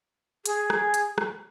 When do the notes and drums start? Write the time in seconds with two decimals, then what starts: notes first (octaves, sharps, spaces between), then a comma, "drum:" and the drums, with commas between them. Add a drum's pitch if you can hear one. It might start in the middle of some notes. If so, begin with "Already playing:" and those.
0.46 G#4, drum: hi-hat
0.70 drum: rim click
0.94 drum: hi-hat
1.18 drum: rim click